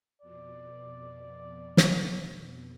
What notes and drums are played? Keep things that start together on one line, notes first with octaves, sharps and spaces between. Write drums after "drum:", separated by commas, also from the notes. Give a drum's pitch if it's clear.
F2 B2 D5
drum: snare